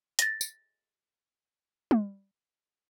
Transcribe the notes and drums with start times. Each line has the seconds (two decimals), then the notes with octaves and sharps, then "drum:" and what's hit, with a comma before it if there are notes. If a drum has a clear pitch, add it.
0.19 A6 A#6, drum: hi-hat
0.41 drum: tambourine
1.91 drum: tom